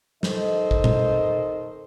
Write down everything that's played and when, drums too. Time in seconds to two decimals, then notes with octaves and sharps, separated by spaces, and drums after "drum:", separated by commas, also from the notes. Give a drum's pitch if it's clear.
0.23 D#3 A4 C5 D#5, drum: snare
0.71 drum: kick
0.84 drum: tom A#2